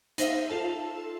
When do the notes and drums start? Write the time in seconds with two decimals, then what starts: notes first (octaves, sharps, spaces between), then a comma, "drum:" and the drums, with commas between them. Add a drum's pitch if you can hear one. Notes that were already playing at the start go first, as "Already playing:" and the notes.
0.18 D#4 C5 E5 F5, drum: hi-hat
0.49 F4 A4 A5